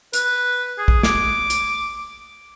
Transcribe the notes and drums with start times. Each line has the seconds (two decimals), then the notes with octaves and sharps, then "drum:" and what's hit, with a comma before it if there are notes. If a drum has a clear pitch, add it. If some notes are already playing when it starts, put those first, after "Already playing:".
0.13 B4, drum: hi-hat
0.78 G#4
0.88 drum: kick
1.03 D6, drum: snare
1.50 drum: hi-hat